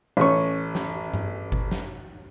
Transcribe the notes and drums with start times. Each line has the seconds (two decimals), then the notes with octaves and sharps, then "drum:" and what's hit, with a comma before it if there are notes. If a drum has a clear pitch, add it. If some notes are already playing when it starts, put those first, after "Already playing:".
0.17 A1 C#4 C#6
0.75 drum: snare
1.14 drum: tom G2
1.52 drum: kick G1
1.71 drum: snare